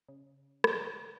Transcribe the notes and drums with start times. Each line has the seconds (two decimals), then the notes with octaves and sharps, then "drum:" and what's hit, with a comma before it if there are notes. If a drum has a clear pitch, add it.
0.08 C#3
0.64 drum: rim click